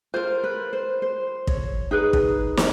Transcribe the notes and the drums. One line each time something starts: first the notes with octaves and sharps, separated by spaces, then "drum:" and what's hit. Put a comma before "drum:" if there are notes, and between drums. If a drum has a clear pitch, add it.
F4 A#4 C5
B4
C5
C5
C#5, drum: kick
D#4 G#4 B4
drum: kick
drum: snare